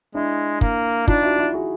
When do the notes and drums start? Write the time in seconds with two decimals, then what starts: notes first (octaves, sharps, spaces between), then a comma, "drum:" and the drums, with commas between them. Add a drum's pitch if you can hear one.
0.15 G#3 D4 E4
0.61 A#3, drum: kick
1.08 D4 D#4 F4, drum: kick
1.23 E4 F#4
1.39 E4 F#4
1.54 F#4 G#4